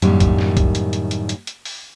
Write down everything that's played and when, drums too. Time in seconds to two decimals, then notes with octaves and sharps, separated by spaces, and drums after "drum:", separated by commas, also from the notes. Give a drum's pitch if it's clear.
0.02 F#2 A2 D#3 G3 A#3, drum: hi-hat
0.20 drum: kick, hi-hat
0.39 drum: snare
0.57 drum: kick, hi-hat
0.75 drum: hi-hat
0.93 drum: hi-hat
1.11 drum: hi-hat
1.29 drum: hi-hat
1.47 drum: hi-hat
1.65 drum: open hi-hat